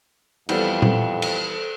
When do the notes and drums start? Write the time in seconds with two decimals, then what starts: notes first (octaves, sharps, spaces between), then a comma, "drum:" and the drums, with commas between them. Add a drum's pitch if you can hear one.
0.49 F2 E3 G3 B3 A4 C5, drum: cymbal
0.82 drum: tom A#2
1.22 drum: cymbal